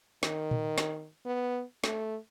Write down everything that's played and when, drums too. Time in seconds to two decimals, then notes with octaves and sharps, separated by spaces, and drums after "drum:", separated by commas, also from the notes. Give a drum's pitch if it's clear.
0.23 D#3, drum: snare
0.51 drum: tom A#2
0.78 drum: snare
1.26 B3
1.84 A3, drum: snare